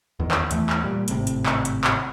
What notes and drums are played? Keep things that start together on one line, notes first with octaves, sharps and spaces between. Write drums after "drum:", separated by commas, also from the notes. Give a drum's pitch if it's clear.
E2 D#3
drum: clap
E2 E3 A3, drum: hi-hat
drum: clap
A#2 G3
G#1 A2 C3, drum: hi-hat
drum: hi-hat
drum: clap
drum: hi-hat
drum: clap